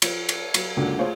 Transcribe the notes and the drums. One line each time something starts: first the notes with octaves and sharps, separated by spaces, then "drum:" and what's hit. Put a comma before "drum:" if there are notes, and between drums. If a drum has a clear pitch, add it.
F3, drum: cymbal
drum: cymbal
F#3, drum: cymbal
C#2 F#2 D3 F#3 A#3
A3 F4 G#4 C5 C#5